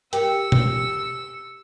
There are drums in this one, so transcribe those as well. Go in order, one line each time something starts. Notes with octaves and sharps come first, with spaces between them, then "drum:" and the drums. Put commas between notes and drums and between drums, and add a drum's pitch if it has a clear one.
G4 A#4 G5 E6 C#7, drum: hi-hat
drum: tom B2